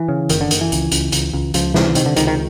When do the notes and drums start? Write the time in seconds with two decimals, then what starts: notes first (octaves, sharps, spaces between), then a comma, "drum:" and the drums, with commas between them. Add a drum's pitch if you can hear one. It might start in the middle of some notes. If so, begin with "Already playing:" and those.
Already playing: E3
0.09 C#3
0.29 F#1 D#3, drum: hi-hat
0.41 D3
0.51 F#1 D#3, drum: hi-hat
0.61 E3
0.72 C#2, drum: hi-hat
0.91 C#2, drum: hi-hat
1.12 C#2, drum: hi-hat
1.33 C#2
1.54 C#2 F3, drum: hi-hat
1.74 C3 E3, drum: snare
1.95 C3 D#3, drum: hi-hat
2.06 D3
2.16 C#2 D#3, drum: hi-hat
2.27 D#3